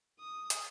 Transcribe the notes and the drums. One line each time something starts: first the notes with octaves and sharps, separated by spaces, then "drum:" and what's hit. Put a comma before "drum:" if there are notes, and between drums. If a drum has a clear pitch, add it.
D#6
drum: hi-hat